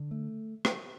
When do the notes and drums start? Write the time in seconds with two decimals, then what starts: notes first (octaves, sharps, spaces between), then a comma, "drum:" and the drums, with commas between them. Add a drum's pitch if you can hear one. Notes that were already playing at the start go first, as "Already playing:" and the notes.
Already playing: D3
0.11 A3
0.65 drum: rim click